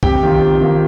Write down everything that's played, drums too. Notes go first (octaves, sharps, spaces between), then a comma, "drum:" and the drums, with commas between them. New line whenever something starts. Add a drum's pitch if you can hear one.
C3 G4 G5, drum: kick
D#3 A#3 F4
C3
D#3 A#3 F4